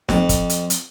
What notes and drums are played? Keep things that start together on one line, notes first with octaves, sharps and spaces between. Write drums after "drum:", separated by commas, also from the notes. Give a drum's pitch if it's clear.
F2, drum: snare
drum: kick, hi-hat
drum: hi-hat
drum: hi-hat